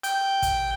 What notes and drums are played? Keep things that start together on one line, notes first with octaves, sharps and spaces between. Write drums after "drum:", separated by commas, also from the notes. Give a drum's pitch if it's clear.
G5, drum: hi-hat
drum: kick, hi-hat